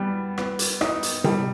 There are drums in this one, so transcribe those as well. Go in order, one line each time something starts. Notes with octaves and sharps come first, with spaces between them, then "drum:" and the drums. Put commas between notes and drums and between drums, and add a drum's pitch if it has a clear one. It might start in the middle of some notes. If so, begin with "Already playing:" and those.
Already playing: G3 B3
B3, drum: rim click
drum: hi-hat
D#4, drum: rim click
drum: hi-hat
G3, drum: tom C3